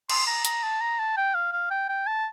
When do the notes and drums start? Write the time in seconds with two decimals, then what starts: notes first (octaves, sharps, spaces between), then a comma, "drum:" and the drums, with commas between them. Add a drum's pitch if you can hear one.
0.09 C6, drum: cymbal
0.27 A#5
0.45 A#5, drum: hi-hat
0.63 A5
0.81 A#5
0.99 A5
1.17 G5
1.34 F5
1.53 F5
1.71 G5
1.89 G5
2.07 A5